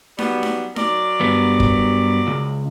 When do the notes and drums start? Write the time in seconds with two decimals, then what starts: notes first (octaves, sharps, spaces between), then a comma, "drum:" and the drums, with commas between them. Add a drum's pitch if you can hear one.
0.19 F#3 G3 B3, drum: snare D#4
0.43 drum: snare D#4
0.76 F#3 A#4 D5, drum: snare D#4
1.21 G2 B3
1.60 drum: kick
2.27 C#2